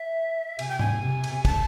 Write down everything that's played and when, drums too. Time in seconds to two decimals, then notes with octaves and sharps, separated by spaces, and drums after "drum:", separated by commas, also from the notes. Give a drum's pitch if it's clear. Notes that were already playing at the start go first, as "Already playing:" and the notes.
Already playing: E5
0.59 C3 G#5, drum: cymbal
0.69 G5
0.79 G#5, drum: tom G#2
1.02 C3
1.24 drum: cymbal
1.45 A5, drum: kick, cymbal